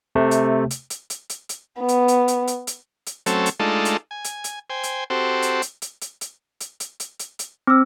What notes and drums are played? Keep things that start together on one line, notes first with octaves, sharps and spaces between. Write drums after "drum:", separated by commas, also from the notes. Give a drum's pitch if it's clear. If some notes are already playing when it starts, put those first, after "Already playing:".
C3 A3
drum: hi-hat
drum: hi-hat
drum: hi-hat
drum: hi-hat
drum: hi-hat
drum: hi-hat
B3
drum: hi-hat
drum: hi-hat
drum: hi-hat
drum: hi-hat
drum: hi-hat
drum: hi-hat
F#3 A3 C4 C#4 A4, drum: hi-hat
drum: hi-hat
G#3 A3 D4 D#4 F4 A4
drum: hi-hat
G#5
drum: hi-hat
drum: hi-hat
C5 G5 G#5
drum: hi-hat
C4 F#4 G4 A4 C5
drum: hi-hat
drum: hi-hat
drum: hi-hat
drum: hi-hat
drum: hi-hat
drum: hi-hat
drum: hi-hat
drum: hi-hat
drum: hi-hat
drum: hi-hat
C4 D6 E6